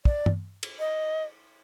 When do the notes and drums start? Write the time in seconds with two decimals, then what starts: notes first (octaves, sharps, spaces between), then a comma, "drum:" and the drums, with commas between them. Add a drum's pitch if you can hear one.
0.05 D5, drum: kick
0.26 drum: tom G2
0.63 drum: cymbal
0.79 D#5